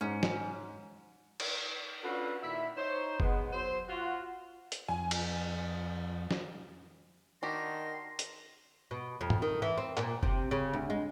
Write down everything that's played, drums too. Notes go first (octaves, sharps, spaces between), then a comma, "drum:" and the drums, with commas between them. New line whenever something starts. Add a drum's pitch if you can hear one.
G#2 C#4
drum: snare
drum: cymbal
C#4 D4 F4 F#4 A4 B4
A#2 D#3 E4 E5
D#4 C5 C#5
G#3 B3, drum: kick F#1
F#3 C5
F4 F#4
drum: hi-hat
F2 G#5
drum: cymbal
drum: snare
D#3 D4 F#4 G4 C6 A#6
drum: hi-hat
B2
F2
drum: tom
D#3
E3
C4
A#2, drum: clap
C3, drum: kick F#1
C#3
D2
G#3